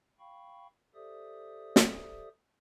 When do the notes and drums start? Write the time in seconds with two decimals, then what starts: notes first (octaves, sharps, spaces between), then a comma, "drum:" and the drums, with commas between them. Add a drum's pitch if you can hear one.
0.19 F5 G5 B5 C#6
0.95 G4 A4 C5 D5 E5 D#6
1.76 drum: snare